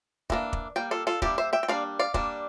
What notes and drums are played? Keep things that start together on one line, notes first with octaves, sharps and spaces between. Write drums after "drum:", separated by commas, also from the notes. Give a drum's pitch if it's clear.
E3 A#3 D4, drum: kick
drum: kick
G3 A#3 G5
F4 A4
F4 A4
G3 A#3 D4 E4 G4, drum: kick
C5 E5
E5 G5
G5
G3 A#3 D4 D5 F5
D5 F5
G3 A#3 D4, drum: kick